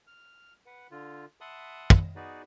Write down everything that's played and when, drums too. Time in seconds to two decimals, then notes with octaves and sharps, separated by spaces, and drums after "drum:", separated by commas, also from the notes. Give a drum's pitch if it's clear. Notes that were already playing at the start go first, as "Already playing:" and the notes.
0.07 F6
0.66 B4 F#5
0.91 D3 F4
1.41 E5 F#5 A5 B5 C6 D#6
1.90 drum: kick
2.16 B3 D#4 F#4 G#4 B4 D5